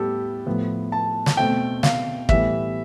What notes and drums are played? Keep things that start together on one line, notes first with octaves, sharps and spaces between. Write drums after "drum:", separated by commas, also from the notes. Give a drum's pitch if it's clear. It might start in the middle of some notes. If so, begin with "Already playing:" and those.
Already playing: A2 G3 B3 G4 A4
A2 F3 B3
A5
drum: snare
B2 A3 C4 G5
F5, drum: snare
A2 E3 G3 B3 E5, drum: kick